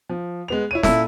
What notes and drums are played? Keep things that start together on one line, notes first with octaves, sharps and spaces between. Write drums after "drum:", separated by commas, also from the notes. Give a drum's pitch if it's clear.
F3
G#3 B3 F7
E4 C#5 D#7
A#2 E4 A4, drum: snare